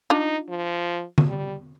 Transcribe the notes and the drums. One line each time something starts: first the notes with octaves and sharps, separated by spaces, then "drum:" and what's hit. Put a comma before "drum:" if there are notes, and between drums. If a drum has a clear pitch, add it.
D4 D#4 F4
F3
drum: tom D3
G3